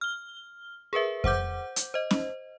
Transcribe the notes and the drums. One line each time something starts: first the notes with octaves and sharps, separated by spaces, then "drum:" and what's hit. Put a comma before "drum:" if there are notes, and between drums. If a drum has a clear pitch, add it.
F6 G7
G#4 A#4 B4 E5
C5 F#5 D6 G6, drum: kick F2
drum: hi-hat
C5 D#5
drum: snare C#4